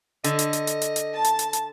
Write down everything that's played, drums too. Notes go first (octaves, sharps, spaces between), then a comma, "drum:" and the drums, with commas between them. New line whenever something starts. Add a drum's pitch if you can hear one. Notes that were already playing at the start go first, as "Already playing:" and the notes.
D3 D#5, drum: hi-hat
drum: hi-hat
drum: hi-hat
drum: hi-hat
drum: hi-hat
drum: hi-hat
A5
drum: hi-hat
drum: hi-hat
drum: hi-hat